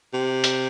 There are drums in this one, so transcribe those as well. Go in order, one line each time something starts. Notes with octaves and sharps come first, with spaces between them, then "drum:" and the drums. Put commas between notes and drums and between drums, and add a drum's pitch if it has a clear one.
C3
drum: hi-hat